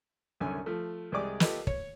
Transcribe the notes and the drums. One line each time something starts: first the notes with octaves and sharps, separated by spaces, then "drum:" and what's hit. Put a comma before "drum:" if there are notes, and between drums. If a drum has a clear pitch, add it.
C2 F#2 D3 C#4 G#5
F3 A3
C2 G#3 G4 G#4 D5 D6
F4 G4 A4 B4 D#5, drum: snare
C#5, drum: kick